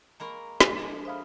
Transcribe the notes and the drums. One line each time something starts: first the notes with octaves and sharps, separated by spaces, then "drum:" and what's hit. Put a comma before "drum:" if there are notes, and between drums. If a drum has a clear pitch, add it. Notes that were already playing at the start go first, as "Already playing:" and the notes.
G#3 A#3 A#4 A#5 B5 C#6
A2 C3 G#3, drum: snare
F3 G#3 A#3 D4 A4
C5 E5 F5 B5 D#6 F6